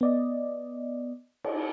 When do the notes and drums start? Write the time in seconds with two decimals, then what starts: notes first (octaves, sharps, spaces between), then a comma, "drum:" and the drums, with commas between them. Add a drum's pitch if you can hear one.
0.01 B3 D5 D#5
1.44 drum: cymbal